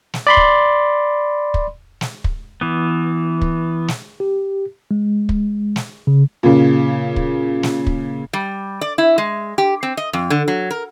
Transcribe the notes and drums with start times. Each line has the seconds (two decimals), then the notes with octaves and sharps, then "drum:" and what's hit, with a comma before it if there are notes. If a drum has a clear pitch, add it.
0.14 drum: snare
0.27 D5 B5 C6
0.37 drum: kick
1.54 drum: kick
2.01 drum: snare
2.24 drum: kick
2.61 E3 B3
3.42 drum: kick
3.88 drum: snare
4.20 G4
4.91 G#3
5.29 drum: kick
5.76 drum: snare
6.07 C#3
6.43 A#2 C#3
7.16 drum: kick
7.63 drum: snare
7.87 drum: kick
8.33 G3
8.81 D5
8.98 E4
9.18 G#3
9.58 G4
9.83 C4
9.97 D#5
10.13 F2
10.30 D3
10.48 F#3
10.71 A#4